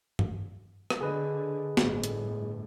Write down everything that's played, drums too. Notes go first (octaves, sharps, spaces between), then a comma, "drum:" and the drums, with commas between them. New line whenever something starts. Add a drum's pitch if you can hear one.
drum: tom G2
drum: rim click
D3 G#4 B4 D#5
G1 A2, drum: snare
drum: hi-hat